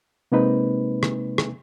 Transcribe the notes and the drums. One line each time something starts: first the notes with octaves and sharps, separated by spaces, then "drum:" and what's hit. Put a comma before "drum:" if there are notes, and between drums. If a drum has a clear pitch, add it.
C3 G#3 A#3 C4 D#4 B4
drum: rim click
drum: rim click